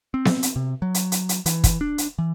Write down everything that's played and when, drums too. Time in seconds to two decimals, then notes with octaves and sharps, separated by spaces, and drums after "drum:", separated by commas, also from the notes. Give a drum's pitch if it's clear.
0.14 C4
0.25 drum: snare B3
0.43 drum: hi-hat
0.56 C3
0.82 F#3
0.94 drum: hi-hat
1.12 drum: hi-hat
1.29 drum: hi-hat
1.46 E3, drum: hi-hat
1.64 drum: kick, hi-hat
1.81 D4
1.98 drum: hi-hat
2.18 E3